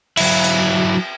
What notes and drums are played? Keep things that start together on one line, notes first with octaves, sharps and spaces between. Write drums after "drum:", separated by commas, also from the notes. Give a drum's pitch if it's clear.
F#3 E4, drum: cymbal
drum: hi-hat